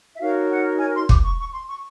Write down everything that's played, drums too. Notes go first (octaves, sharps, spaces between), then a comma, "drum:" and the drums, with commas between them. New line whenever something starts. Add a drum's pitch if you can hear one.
E5
D#4 F#4 A#4 C#5 F5
F#5
G#5
C6
D6, drum: kick
C#6
C#6
C6
C#6